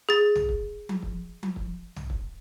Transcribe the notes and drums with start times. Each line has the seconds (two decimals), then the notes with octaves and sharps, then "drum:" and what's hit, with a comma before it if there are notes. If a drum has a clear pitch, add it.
0.09 G#4 A6
0.35 drum: tom
0.49 drum: kick
0.89 drum: tom F3
1.02 drum: kick
1.43 drum: tom F3
1.56 drum: kick
1.96 drum: tom
2.10 drum: kick